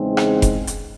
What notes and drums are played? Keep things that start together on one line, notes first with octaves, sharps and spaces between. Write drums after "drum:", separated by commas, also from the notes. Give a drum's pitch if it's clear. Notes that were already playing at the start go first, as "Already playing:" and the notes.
Already playing: E2 C#3 G#3 C4 D#4
drum: rim click
drum: kick F1, hi-hat
drum: hi-hat